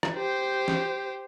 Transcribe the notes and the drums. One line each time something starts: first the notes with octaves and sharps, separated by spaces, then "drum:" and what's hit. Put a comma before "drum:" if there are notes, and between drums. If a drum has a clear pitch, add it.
drum: rim click
G4 C5
drum: snare